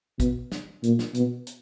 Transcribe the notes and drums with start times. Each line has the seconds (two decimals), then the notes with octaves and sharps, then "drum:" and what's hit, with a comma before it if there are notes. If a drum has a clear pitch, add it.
0.20 B2, drum: kick, hi-hat
0.52 drum: snare
0.83 A#2, drum: hi-hat
0.99 drum: snare
1.14 B2, drum: hi-hat
1.47 drum: hi-hat